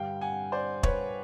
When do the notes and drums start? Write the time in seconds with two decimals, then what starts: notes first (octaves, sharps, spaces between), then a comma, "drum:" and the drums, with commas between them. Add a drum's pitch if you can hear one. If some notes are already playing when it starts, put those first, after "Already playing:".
Already playing: G2 D3 G3 F5 G5
0.21 F#5 G#5
0.52 C5 D5
0.83 B4 C#5, drum: kick